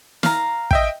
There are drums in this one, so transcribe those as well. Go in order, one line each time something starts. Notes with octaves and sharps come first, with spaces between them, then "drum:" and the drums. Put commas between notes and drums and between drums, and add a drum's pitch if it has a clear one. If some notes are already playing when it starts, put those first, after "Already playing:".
F5 A#5, drum: snare
D#5 E5 G5, drum: kick